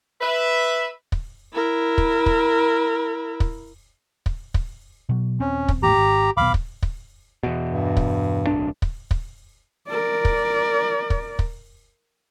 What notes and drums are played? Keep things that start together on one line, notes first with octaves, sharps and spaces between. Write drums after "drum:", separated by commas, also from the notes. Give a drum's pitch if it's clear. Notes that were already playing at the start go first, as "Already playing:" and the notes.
B4 E5
drum: kick
E4 A#4
drum: kick
drum: kick
drum: kick
drum: kick
drum: kick
B2 F#3
D#1 C4 C#4
drum: kick
G#1 E2 A2 G4 A#5
G#1
D#1 B1 B3 F5 B5 D6
drum: kick
drum: kick
E2 B2
G2
drum: kick
D1 B1 D4
drum: kick
drum: kick
A#4 D5
drum: kick
drum: kick
drum: kick